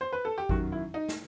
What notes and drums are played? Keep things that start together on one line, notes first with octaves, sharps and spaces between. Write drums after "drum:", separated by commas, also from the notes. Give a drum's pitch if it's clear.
C5
B4
A4
G4
F#2 D#3 F#3 F#4, drum: kick G#1
E4
D#4
drum: snare